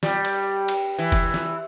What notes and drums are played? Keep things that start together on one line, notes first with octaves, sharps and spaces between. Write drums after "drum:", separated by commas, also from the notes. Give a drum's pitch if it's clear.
G3, drum: snare
drum: cymbal
drum: cymbal
E3
drum: kick F1, cymbal
drum: snare